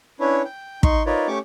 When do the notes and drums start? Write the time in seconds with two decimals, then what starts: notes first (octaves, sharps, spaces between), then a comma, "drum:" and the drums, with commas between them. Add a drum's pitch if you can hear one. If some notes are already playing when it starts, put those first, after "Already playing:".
0.20 C#4 D4 E4 B4 C#5
0.45 G5
0.83 D#4 C6 C#6, drum: kick
1.06 D#4 F4 A#4 B4 C#5 D5
1.28 A3 C#4 G4 C#6 D6